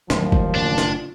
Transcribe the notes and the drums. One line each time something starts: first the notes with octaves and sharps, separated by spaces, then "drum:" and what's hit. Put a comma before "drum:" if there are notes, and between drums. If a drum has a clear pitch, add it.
G1 D#2 A2 F3 F#3 G#3 C#4, drum: snare
drum: kick
F#1 A2 C#3 C#4 D4 F4
drum: snare